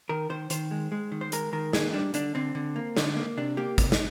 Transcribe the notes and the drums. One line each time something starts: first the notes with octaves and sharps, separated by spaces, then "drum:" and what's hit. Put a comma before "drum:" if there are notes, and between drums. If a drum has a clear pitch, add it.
D#3 A#4
D#3 C5
D#3 C5, drum: hi-hat
G#3
G#3
D#3
C5
G#3 A#4, drum: hi-hat
D#3 A#4
A#3 G#4, drum: snare
G3 D4
D3 D4, drum: hi-hat
D3 C4
D3
A#3
D3, drum: snare
A#3
C3 D4
A#3 G4
C3, drum: kick, hi-hat
drum: snare